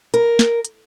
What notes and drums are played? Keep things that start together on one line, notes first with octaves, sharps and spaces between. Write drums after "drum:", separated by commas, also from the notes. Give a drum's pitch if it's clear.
A#4, drum: hi-hat
drum: snare
drum: hi-hat